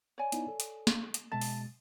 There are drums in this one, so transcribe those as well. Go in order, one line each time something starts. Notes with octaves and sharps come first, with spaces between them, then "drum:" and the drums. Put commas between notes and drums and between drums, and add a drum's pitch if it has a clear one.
C#5 D5 G#5
B3 D#4 E4, drum: hi-hat
A4
drum: hi-hat
drum: snare
drum: hi-hat
B2 G#3 E5 A5 A6
drum: open hi-hat